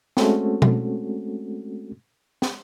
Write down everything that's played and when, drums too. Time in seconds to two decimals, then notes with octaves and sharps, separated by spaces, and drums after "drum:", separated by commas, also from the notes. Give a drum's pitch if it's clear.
0.17 G#3 A3 C4 C#4 F#4 A4, drum: snare
0.62 drum: tom B2
2.42 drum: snare